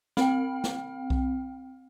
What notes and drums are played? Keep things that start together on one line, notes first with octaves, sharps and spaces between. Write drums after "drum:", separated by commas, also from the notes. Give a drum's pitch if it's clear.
C4 G5, drum: snare
drum: snare
drum: kick B1